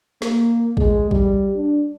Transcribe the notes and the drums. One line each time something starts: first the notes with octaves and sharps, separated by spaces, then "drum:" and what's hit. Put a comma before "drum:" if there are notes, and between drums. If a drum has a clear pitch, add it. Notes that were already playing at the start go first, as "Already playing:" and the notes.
A#3, drum: snare
G#3, drum: kick
G3, drum: kick
D4